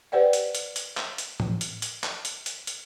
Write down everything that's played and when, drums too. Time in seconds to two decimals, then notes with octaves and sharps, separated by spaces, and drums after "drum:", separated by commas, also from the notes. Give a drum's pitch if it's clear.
0.12 G4 B4 C5 D5 F#5 G5
0.33 drum: hi-hat
0.55 drum: hi-hat
0.76 drum: hi-hat
0.97 drum: clap
1.18 drum: hi-hat
1.40 drum: tom A2
1.61 drum: hi-hat
1.82 drum: hi-hat
2.04 drum: clap
2.25 drum: hi-hat
2.46 drum: hi-hat
2.67 drum: hi-hat